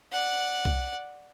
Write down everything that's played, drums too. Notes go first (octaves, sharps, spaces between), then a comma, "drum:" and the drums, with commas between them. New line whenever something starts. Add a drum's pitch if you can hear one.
D5 F#5
drum: kick